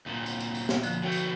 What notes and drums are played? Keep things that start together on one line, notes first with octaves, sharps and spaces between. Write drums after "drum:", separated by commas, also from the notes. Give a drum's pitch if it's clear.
D2 A#2
drum: tambourine
drum: tambourine
drum: tambourine
drum: snare
D3 F3, drum: tambourine
B2 A3 F#4 C#5 G5
drum: tambourine